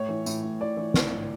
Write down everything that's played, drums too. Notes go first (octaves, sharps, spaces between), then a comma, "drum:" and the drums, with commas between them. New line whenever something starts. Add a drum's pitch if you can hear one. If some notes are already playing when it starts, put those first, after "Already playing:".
Already playing: A2 C#5
E3
A2, drum: tambourine
A2
E3 D5
E3
E3, drum: snare
A2